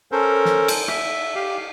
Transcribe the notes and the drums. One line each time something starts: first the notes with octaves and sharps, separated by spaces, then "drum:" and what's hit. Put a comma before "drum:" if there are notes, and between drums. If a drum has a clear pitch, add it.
C#4 A4 A#4 C5
drum: snare
drum: cymbal
E5, drum: rim click
G4 F5